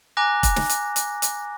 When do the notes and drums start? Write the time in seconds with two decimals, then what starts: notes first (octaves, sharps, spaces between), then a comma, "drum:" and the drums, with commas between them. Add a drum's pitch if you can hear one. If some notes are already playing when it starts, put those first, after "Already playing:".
0.17 G#5 A#5 D6 F#6 A#6
0.43 drum: kick E1, hi-hat
0.56 drum: snare
0.69 drum: hi-hat
0.96 drum: hi-hat
1.22 drum: hi-hat